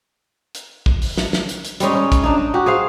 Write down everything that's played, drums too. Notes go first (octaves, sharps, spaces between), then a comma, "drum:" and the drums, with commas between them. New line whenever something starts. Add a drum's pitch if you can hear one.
drum: hi-hat
drum: kick
drum: open hi-hat
drum: snare
drum: snare
drum: hi-hat
drum: hi-hat
G3 G#3 C#4 D#4, drum: hi-hat
C#4
drum: kick, hi-hat
D4 D#4
D#4
F#4 G4
G#4 C5 F5